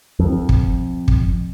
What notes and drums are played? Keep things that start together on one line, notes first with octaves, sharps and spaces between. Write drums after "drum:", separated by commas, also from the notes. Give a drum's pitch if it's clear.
F2
drum: kick
drum: kick